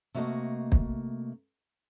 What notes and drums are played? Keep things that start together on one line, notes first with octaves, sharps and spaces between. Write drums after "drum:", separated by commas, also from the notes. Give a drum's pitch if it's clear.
C3 A3 A#3 F#4 D#5
drum: kick